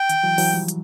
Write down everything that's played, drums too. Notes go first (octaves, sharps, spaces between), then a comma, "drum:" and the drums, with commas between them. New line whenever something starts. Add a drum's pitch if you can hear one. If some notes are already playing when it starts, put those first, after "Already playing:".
Already playing: G5
D#3, drum: hi-hat
E3 F#3
E3 F#3, drum: open hi-hat
F3 G3
drum: hi-hat